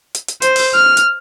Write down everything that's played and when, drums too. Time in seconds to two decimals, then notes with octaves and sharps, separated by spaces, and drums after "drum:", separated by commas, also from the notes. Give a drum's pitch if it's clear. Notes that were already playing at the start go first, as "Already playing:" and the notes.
0.15 drum: hi-hat
0.28 drum: hi-hat
0.42 C5, drum: hi-hat
0.56 drum: open hi-hat
0.75 F6
0.97 drum: hi-hat